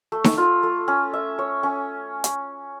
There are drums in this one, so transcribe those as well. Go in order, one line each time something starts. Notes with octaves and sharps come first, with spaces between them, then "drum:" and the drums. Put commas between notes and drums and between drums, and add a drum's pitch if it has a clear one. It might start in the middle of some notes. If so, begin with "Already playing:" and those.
A3
drum: snare D#4
F4
A3
C#4
E5
C#5
C#4
drum: hi-hat